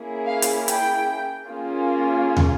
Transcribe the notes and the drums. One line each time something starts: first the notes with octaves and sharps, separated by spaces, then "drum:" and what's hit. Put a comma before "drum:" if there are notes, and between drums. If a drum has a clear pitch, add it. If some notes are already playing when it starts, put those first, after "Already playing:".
Already playing: A#3 C#4 E4 G#4
F5
drum: hi-hat
G5, drum: hi-hat
A#3 C#4 F4 G#4
drum: tom